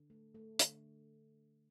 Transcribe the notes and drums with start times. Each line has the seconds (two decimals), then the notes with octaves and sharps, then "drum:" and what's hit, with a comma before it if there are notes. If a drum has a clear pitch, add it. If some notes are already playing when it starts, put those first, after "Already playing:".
Already playing: D3
0.10 A3
0.35 A3
0.59 D3, drum: hi-hat